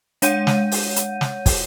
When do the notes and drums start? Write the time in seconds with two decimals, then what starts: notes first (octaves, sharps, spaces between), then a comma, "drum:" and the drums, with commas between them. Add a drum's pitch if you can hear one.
0.22 G#3 C#5 F#5 G6 D#7, drum: hi-hat
0.47 drum: snare
0.72 drum: open hi-hat
0.96 drum: hi-hat
1.21 drum: snare
1.46 drum: kick, open hi-hat